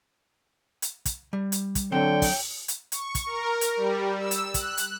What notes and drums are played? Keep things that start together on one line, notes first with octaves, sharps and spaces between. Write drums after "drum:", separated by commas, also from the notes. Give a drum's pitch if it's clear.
drum: hi-hat
drum: kick, hi-hat
G3
drum: hi-hat
drum: kick, hi-hat
D3 F#3 C4 C#5 G5 C6
drum: kick, open hi-hat
drum: hi-hat
C#6, drum: hi-hat
drum: kick, hi-hat
A#4
drum: hi-hat
G3
E6
drum: hi-hat
F#6, drum: kick, hi-hat
drum: hi-hat